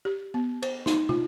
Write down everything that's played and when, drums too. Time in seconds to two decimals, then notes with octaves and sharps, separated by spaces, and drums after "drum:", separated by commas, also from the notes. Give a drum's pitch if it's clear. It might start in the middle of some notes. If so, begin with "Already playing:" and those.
0.05 G4
0.34 B3
0.62 C5, drum: cymbal
0.86 D#4, drum: snare
1.09 F4, drum: tom